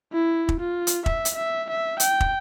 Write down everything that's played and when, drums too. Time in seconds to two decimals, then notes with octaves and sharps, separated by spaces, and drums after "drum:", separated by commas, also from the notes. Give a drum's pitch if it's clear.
0.13 E4
0.49 drum: kick
0.60 F4
0.87 drum: hi-hat
1.06 E5, drum: kick
1.25 drum: hi-hat
1.36 E5
1.70 E5
2.00 G5, drum: hi-hat
2.20 drum: kick